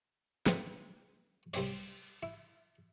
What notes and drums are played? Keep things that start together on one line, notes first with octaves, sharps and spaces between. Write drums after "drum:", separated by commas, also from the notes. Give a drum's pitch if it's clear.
A2 G#3 A3 B3 C4 D#4, drum: snare
C2 G3 C4 D4 C#5, drum: cymbal
E4